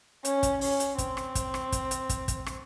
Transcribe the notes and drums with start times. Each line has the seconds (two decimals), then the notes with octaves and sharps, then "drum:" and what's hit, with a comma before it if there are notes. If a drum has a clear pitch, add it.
0.25 C#4, drum: hi-hat
0.43 drum: kick, hi-hat
0.61 C#4, drum: open hi-hat
0.80 drum: hi-hat
0.98 C4, drum: kick, hi-hat
1.17 drum: rim click
1.35 drum: kick, hi-hat
1.54 drum: rim click
1.72 drum: kick, hi-hat
1.91 drum: hi-hat
2.09 drum: kick, hi-hat
2.28 drum: kick, hi-hat
2.46 drum: rim click